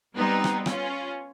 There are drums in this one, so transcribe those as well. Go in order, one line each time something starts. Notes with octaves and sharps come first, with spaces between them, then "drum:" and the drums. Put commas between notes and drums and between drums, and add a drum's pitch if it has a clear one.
G3 B3 C4 D#4
drum: rim click
C#4 F4, drum: rim click